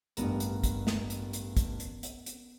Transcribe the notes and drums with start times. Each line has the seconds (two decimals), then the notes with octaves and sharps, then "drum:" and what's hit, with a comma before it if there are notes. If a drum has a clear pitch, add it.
0.17 A1 G2 B3 A#4, drum: hi-hat
0.40 drum: hi-hat
0.63 drum: kick, hi-hat
0.87 drum: snare
1.10 drum: hi-hat
1.33 drum: hi-hat
1.57 drum: kick, hi-hat
1.80 drum: hi-hat
2.03 drum: hi-hat
2.26 drum: hi-hat